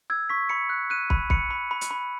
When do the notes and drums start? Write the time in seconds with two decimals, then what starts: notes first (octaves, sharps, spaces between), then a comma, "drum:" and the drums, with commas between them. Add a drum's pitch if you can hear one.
0.10 E6 G#6
0.29 C#6 B6
0.49 B5 C#7
0.70 F#6
0.90 F#6 D#7
1.10 B5, drum: kick
1.30 B5 C#7, drum: kick
1.51 B5
1.71 B5
1.81 drum: hi-hat
1.91 B5